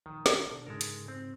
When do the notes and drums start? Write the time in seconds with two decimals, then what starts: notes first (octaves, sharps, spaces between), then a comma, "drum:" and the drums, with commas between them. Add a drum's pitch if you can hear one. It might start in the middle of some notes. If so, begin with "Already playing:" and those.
0.06 A#1 D#3
0.26 drum: snare
0.50 B2 D4
0.67 G#2 C#3 G#3 A4 A#4
0.81 drum: hi-hat
1.08 C4